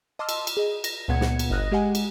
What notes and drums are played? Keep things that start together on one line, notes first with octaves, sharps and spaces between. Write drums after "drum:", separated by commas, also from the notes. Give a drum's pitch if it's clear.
D#5 A5 C6 D6 E6 F6
drum: cymbal
drum: cymbal
G#4 D#5
A#6, drum: cymbal
C#2 A#2 B3 F#5 G#6 C#7
drum: snare
drum: cymbal
G1 D#5 D#6 F6 F#6 A#6
G#3 G4 D#5 F#5 G#5
drum: cymbal